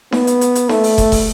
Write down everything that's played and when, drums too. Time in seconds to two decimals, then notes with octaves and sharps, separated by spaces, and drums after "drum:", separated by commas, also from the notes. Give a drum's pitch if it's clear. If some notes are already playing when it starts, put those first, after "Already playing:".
0.12 B3, drum: snare D#4
0.27 drum: hi-hat
0.41 drum: hi-hat
0.55 drum: hi-hat
0.69 A3, drum: snare D#4
0.84 drum: open hi-hat
0.98 drum: kick, hi-hat
1.12 drum: kick, open hi-hat